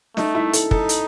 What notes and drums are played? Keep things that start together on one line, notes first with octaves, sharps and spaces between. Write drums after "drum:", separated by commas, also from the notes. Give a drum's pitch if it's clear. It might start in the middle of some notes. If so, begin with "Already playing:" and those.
A3 D#4, drum: snare
E4
A4, drum: hi-hat
D#4 A4, drum: kick
drum: hi-hat